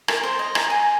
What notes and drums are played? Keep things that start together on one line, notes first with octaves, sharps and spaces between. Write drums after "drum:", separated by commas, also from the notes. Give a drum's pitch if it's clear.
A#4, drum: rim click
C5
D#5
A#5, drum: rim click
G#5